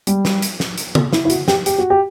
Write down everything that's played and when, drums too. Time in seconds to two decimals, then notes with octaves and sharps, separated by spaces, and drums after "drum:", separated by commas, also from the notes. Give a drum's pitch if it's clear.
0.07 G3, drum: hi-hat
0.25 drum: snare
0.42 drum: hi-hat
0.60 drum: snare
0.78 drum: hi-hat
0.95 drum: tom C#3
1.13 E4, drum: snare
1.25 E4
1.30 F#4, drum: hi-hat
1.48 G4, drum: snare
1.66 G4, drum: hi-hat
1.79 F#4
1.90 G4